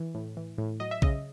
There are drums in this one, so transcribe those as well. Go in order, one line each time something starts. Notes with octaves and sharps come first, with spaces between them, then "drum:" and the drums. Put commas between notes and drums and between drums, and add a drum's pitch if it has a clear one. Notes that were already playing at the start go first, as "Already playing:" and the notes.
Already playing: E3
A2
E3
A2
F#3 D#5
E5
C#3 D#5, drum: kick B1